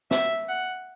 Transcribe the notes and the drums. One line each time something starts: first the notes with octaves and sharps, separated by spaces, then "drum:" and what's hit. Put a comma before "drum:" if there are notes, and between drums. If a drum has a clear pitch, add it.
E5, drum: snare
F#5